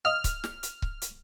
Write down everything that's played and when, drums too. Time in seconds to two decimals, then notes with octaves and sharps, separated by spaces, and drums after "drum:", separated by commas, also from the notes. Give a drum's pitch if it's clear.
0.05 D#5 F5 F6
0.24 drum: kick C#1, hi-hat
0.44 drum: snare
0.63 drum: hi-hat
0.82 drum: kick C#1
1.02 drum: hi-hat